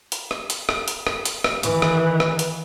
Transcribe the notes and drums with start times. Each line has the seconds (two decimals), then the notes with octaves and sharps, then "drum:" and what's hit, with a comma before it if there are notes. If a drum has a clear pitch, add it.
0.12 drum: hi-hat
0.31 drum: rim click
0.50 drum: hi-hat
0.69 drum: rim click
0.88 drum: hi-hat
1.07 drum: rim click
1.25 drum: hi-hat
1.44 drum: rim click
1.63 D#3 E3, drum: hi-hat
1.82 drum: rim click
2.20 drum: rim click
2.39 drum: hi-hat